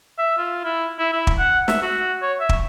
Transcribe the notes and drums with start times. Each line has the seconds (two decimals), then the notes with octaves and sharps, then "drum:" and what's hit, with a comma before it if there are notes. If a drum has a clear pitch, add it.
0.18 E5
0.37 F4
0.64 E4
0.99 E4
1.12 E4
1.27 drum: kick
1.38 F#5
1.68 E5, drum: snare
1.82 F#4
2.22 C#5
2.40 E5
2.49 drum: kick